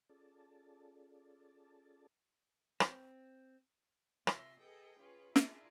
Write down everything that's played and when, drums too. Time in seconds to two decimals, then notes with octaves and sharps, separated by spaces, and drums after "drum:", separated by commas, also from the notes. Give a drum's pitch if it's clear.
0.09 C#4 F4 G#4 A4 D5 A5
2.80 C4, drum: rim click
4.27 C3 F4 E5 C6 A#6, drum: rim click
4.59 G#4 A4 B4 D#5 G5
4.98 C#4 F4 G#4 B4
5.36 D4 E4 F4 G#4 A#4, drum: snare